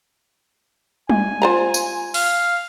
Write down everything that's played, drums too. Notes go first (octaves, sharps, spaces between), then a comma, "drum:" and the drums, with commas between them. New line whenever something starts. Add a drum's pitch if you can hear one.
G#5, drum: tom G3
F4 C5 A#5
drum: tambourine
F5, drum: open hi-hat